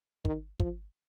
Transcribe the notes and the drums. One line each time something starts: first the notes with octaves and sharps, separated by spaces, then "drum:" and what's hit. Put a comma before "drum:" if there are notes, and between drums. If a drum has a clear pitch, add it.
D#3, drum: kick
F3, drum: kick